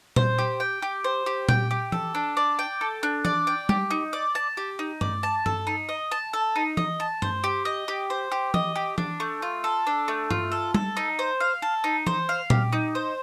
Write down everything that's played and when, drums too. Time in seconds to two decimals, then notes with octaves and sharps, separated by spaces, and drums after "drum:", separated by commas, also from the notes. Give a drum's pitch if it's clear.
0.16 C5, drum: tom A#2
0.38 G4
0.60 G5
0.82 G4
1.04 C5
1.26 G4
1.49 G5, drum: tom A#2
1.71 G4
1.92 A4, drum: tom E3
2.15 D4
2.37 D5
2.59 G5
2.81 A4
3.03 D4
3.25 D5, drum: tom E3
3.47 G5
3.69 G4, drum: tom G3
3.90 D#4
4.13 D5
4.35 A5
4.57 G4
4.79 D#4
5.01 D5, drum: tom G2
5.23 A5
5.46 A4, drum: tom G2
5.67 D#4
5.89 D#5
6.11 A5
6.33 A4
6.56 D#4
6.77 D#5, drum: tom E3
7.00 A5
7.22 C5, drum: tom G2
7.44 G4
7.65 D#5
7.88 G4
8.10 C5
8.32 G4
8.54 D#5, drum: tom E3
8.76 G4
8.98 D4, drum: tom E3
9.20 A3
9.42 F4
9.64 A4
9.87 D4
10.08 A3
10.31 F4, drum: tom G2
10.52 A4
10.74 A4, drum: tom G3
10.97 D#4
11.19 C5
11.40 F5
11.62 A4
11.84 D#4
12.07 C5, drum: tom E3
12.29 F5
12.50 G4, drum: tom A#2
12.73 D#4
12.95 C5